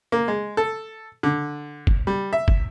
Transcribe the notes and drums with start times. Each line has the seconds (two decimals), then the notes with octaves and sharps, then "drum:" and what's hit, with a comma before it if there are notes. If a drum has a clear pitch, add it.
0.12 A#3
0.28 G#3
0.57 A4
1.23 D3
1.87 drum: kick
2.07 G3
2.33 E5
2.48 drum: kick